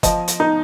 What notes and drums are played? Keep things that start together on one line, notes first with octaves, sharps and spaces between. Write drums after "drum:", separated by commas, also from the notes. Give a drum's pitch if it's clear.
F3 D#5, drum: kick F#1, hi-hat
drum: hi-hat
D#4